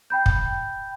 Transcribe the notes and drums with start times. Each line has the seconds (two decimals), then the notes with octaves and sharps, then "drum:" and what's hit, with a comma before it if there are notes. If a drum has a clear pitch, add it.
0.10 G5 B5 G6
0.26 drum: kick